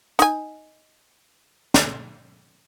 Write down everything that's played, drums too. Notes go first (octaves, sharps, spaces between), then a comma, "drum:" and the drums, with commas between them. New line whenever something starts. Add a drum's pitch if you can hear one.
D#4 G#5, drum: hi-hat
drum: snare